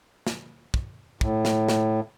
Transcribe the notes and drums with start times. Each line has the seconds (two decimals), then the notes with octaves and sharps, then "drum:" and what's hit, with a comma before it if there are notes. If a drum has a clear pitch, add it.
0.27 drum: snare
0.74 drum: kick
1.21 A2, drum: kick
1.45 drum: snare
1.68 drum: snare